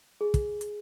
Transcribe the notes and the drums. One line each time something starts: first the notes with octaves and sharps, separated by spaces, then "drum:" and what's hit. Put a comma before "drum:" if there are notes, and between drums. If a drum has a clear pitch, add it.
G#4
drum: kick, hi-hat
drum: hi-hat